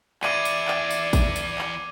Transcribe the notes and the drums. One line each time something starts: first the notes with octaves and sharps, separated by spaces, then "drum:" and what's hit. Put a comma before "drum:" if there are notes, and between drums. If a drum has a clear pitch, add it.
E2 D5 E5 D6 G#6 D#7, drum: clap
drum: tambourine
drum: clap
drum: tambourine
drum: kick A1, tambourine
drum: tambourine
drum: clap